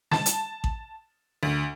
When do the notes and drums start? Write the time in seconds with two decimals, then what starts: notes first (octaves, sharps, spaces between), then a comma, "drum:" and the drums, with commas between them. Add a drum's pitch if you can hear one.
0.11 A5, drum: snare
0.26 drum: hi-hat
0.64 drum: kick A1
1.43 D2